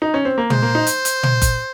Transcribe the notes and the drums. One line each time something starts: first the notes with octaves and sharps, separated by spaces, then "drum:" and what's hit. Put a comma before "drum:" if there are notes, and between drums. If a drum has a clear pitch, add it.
D#4
C#4
C4
A#3
G#3 C5, drum: tom
A#3
D#4
drum: hi-hat
drum: hi-hat
drum: tom
drum: kick F#1, hi-hat